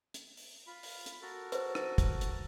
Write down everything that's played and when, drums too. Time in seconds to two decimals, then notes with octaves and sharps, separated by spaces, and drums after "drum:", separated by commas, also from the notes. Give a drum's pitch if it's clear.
0.14 drum: hi-hat
0.37 drum: open hi-hat
0.67 F4 B5
0.83 drum: open hi-hat
1.06 drum: hi-hat
1.22 F#4 A4 A#4
1.52 B4 C5, drum: hi-hat
1.75 drum: rim click
1.98 drum: kick, hi-hat
2.21 drum: hi-hat